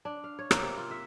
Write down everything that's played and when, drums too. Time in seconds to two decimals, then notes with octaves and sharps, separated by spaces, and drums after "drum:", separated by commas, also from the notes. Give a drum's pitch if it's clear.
0.05 D4
0.24 F5
0.39 C#5
0.51 A#3, drum: rim click
0.62 C3
0.77 F4
0.91 E5